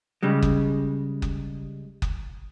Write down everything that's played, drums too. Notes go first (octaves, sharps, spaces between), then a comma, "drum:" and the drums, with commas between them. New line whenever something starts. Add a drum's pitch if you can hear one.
C#3 G3 G#3
drum: kick F#1
drum: kick F#1
drum: kick F#1